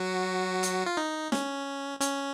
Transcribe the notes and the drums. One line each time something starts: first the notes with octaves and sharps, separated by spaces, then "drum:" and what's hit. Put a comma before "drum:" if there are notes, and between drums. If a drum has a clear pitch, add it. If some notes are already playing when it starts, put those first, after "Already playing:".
Already playing: F#3 F#4
drum: hi-hat
F4
D#4
C#4, drum: snare
C#4, drum: hi-hat